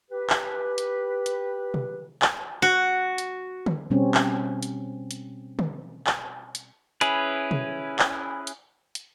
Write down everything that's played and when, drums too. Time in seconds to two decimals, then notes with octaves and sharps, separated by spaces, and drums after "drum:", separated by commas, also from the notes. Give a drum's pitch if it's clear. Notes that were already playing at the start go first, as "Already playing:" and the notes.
0.11 G4 B4
0.30 drum: clap
0.78 drum: hi-hat
1.26 drum: hi-hat
1.74 drum: tom B2
2.22 drum: clap
2.62 F#4
3.18 drum: hi-hat
3.66 drum: tom
3.90 B2 G3 C4 C#4
4.14 drum: clap
4.63 drum: hi-hat
5.11 drum: hi-hat
5.59 drum: tom
6.07 drum: clap
6.55 drum: hi-hat
7.01 C#4 E4 G#4 B4, drum: hi-hat
7.51 drum: tom B2
7.99 drum: clap
8.47 drum: hi-hat
8.95 drum: hi-hat